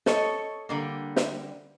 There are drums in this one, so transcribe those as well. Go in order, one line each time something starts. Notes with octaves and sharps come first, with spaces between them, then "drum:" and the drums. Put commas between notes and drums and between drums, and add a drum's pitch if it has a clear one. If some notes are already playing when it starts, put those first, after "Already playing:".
A4 C#5 D#5, drum: snare
D3 G3 A#3
drum: snare